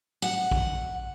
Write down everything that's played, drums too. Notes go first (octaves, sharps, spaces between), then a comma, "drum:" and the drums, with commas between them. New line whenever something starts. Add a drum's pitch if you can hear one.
F#5
drum: kick